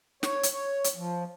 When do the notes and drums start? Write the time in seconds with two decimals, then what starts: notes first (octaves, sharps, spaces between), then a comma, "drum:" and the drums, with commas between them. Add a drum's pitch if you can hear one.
0.23 C#5, drum: snare
0.43 drum: hi-hat
0.53 C#5
0.84 drum: hi-hat
0.96 F3